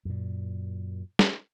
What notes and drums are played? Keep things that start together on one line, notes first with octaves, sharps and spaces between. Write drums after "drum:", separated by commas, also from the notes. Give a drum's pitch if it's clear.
F#2 A#2
drum: snare